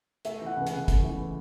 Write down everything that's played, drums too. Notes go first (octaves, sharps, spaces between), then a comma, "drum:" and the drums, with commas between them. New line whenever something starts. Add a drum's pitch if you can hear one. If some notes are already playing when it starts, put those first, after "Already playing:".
A3 E5, drum: hi-hat
E3 F#5
C#2
F#5, drum: hi-hat
C#3
A3, drum: kick, hi-hat
E3